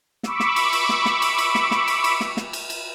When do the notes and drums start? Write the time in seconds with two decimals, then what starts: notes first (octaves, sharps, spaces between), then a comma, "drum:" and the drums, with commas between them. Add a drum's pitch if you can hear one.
0.23 B5 C#6 D6 E6, drum: snare
0.40 drum: snare
0.56 drum: cymbal
0.73 drum: cymbal
0.89 drum: snare
1.06 drum: snare
1.22 drum: cymbal
1.38 drum: cymbal
1.55 drum: snare
1.71 drum: snare
1.88 drum: cymbal
2.04 drum: cymbal
2.20 drum: snare
2.37 drum: snare
2.53 drum: cymbal
2.70 drum: cymbal